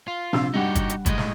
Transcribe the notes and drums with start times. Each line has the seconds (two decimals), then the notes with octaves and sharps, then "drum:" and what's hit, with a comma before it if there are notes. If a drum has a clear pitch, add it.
0.08 F4
0.33 A#1 C3 E6, drum: snare
0.54 G2 G3 D#4 F#4 G4 F#5
0.75 drum: kick, hi-hat
0.89 drum: hi-hat
1.06 A2 G#3 D#5, drum: kick, hi-hat
1.18 drum: snare